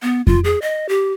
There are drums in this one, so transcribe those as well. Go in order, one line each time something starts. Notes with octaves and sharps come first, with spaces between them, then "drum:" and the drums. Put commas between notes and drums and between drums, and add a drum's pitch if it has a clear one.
B3
F4, drum: kick F2
G#4
D#5
G4